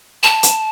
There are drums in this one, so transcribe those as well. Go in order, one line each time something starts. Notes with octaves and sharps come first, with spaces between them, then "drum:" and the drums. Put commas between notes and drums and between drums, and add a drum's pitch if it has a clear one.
A5
drum: hi-hat